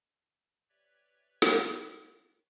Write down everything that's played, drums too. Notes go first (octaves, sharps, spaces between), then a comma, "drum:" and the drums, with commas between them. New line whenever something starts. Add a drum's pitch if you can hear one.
G4 B4 C#5 D5 E5
drum: snare